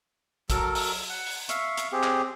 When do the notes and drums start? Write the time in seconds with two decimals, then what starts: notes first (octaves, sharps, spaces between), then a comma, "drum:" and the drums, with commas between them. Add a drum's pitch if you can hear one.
0.50 F#3 A4 A#4, drum: kick, hi-hat
0.75 drum: open hi-hat
1.10 F#5
1.26 drum: open hi-hat
1.49 E5 F5 C#6, drum: hi-hat
1.77 drum: hi-hat
1.92 C4 G4 G#4
2.03 drum: clap